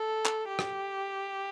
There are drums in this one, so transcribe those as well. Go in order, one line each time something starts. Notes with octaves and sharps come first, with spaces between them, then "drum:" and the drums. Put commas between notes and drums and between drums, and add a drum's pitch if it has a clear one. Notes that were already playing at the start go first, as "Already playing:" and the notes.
Already playing: A4
drum: clap
G4
drum: rim click